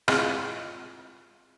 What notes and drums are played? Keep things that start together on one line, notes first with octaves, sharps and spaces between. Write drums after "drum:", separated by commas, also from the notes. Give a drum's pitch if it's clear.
G#3 C4 E4 F4, drum: rim click